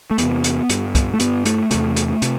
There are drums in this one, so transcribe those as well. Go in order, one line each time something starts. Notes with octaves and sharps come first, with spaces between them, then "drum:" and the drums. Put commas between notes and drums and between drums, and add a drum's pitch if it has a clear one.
A3
E2 C3 B3, drum: hi-hat
drum: hi-hat
G2, drum: hi-hat
drum: kick C2, hi-hat
A3
G2 B3, drum: hi-hat
A3, drum: hi-hat
E2 C3 A3, drum: hi-hat
drum: hi-hat
C3, drum: hi-hat